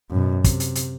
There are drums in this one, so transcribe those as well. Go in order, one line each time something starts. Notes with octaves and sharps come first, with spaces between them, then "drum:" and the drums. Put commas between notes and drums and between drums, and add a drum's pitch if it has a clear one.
F#2 B2
C3, drum: kick, hi-hat
drum: hi-hat
drum: hi-hat